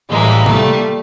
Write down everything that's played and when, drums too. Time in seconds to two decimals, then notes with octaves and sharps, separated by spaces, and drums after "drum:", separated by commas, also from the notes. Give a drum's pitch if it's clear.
0.10 A2 E3 G3 G#3 A#3
0.46 A#2 G3 A3, drum: tom C3